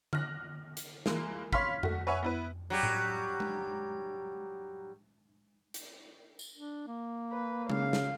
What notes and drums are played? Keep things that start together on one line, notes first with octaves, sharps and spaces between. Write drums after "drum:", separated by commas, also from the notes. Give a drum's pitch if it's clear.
F6 F#6 A#6, drum: tom D3
drum: hi-hat
E3 G#3 A#3, drum: snare
C#5 F5 B5 C6 F6 B6, drum: kick
A3 F#4, drum: tom F2
B4 C#5 E5 F#5 G#5 C#6
B3 E4 B4
F#3 G3 G4
drum: tom A2
drum: tom G#3
drum: hi-hat
drum: tambourine
D4
A#3
B4
C#3 F5, drum: tom G#3
drum: snare